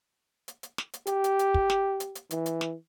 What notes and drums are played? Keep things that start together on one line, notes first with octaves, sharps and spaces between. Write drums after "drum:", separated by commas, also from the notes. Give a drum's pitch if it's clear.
drum: hi-hat
drum: hi-hat
drum: snare
drum: hi-hat
G4, drum: hi-hat
drum: hi-hat
drum: hi-hat
drum: kick
drum: snare
drum: hi-hat
drum: hi-hat
E3, drum: hi-hat
drum: hi-hat
drum: snare